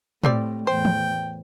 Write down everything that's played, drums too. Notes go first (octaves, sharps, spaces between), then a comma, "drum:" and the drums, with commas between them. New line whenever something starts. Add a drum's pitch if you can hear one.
A2 G3 C4 D5, drum: tom
E2 A2 C5 G5
drum: tom